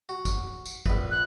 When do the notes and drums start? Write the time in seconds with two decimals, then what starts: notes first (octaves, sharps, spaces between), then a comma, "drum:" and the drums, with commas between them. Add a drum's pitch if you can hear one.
0.09 F#4
0.25 drum: kick G#1, tambourine
0.66 drum: tambourine
0.86 A#1 B4, drum: kick G#1
1.11 F#6